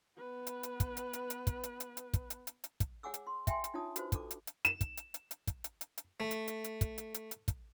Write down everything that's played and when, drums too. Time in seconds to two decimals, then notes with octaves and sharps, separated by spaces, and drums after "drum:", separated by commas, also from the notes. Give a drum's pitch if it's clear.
0.18 B3 B4
0.47 drum: hi-hat
0.63 drum: hi-hat
0.80 drum: kick, hi-hat
0.97 drum: hi-hat
1.13 drum: hi-hat
1.30 drum: hi-hat
1.47 drum: kick, hi-hat
1.63 drum: hi-hat
1.80 drum: hi-hat
1.97 drum: hi-hat
2.14 drum: kick, hi-hat
2.30 drum: hi-hat
2.47 drum: hi-hat
2.64 drum: hi-hat
2.80 drum: kick, hi-hat
3.03 G#4 C#5 F#5 G#5 D6 E6
3.14 drum: hi-hat
3.27 C6
3.47 E5 G5 G#5 C6, drum: kick, hi-hat
3.64 drum: hi-hat
3.74 D4 D#4 F4 C#5 A5 D#6
3.96 F#4 B4 C5, drum: hi-hat
4.12 D4 A4 D6, drum: kick, hi-hat
4.31 drum: hi-hat
4.47 drum: hi-hat
4.65 E7, drum: hi-hat
4.81 drum: kick, hi-hat
4.97 drum: hi-hat
5.14 drum: hi-hat
5.31 drum: hi-hat
5.47 drum: kick, hi-hat
5.64 drum: hi-hat
5.81 drum: hi-hat
5.98 drum: hi-hat
6.20 A3
6.31 drum: hi-hat
6.48 drum: hi-hat
6.64 drum: hi-hat
6.81 drum: kick, hi-hat
6.98 drum: hi-hat
7.14 drum: hi-hat
7.31 drum: hi-hat
7.48 drum: kick, hi-hat